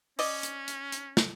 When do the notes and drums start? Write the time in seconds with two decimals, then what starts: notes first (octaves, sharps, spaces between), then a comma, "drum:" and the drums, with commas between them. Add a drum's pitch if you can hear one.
0.19 C#4 D5 D#5, drum: open hi-hat
0.43 drum: hi-hat
0.68 drum: hi-hat
0.92 drum: hi-hat
1.17 drum: snare